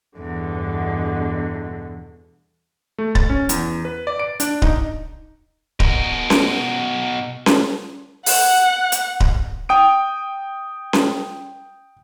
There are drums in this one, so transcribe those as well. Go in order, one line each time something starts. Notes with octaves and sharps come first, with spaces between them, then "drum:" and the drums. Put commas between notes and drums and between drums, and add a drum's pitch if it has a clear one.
E2 G2 B2 D3
A3
A6, drum: kick D1
C#4
E2, drum: hi-hat
B4
D5
D7
D4, drum: hi-hat
D#4, drum: kick D1
B2 A#4, drum: kick D1
drum: snare C#4
drum: snare C#4
F#5, drum: open hi-hat
drum: hi-hat
drum: kick D1
G5 D#6 D7
drum: snare C#4